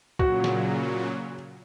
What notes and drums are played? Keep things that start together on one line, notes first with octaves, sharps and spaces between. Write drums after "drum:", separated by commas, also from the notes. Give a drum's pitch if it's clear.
A#2 C#3 F#3 F#4, drum: kick
drum: snare